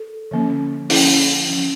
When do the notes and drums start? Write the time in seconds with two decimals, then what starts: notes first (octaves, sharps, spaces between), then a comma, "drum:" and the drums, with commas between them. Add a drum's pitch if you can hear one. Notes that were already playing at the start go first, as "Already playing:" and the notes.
Already playing: A4
0.31 D3 F3 A#3 C#4
0.90 F3 C#4 E4, drum: open hi-hat
1.49 F3 C#4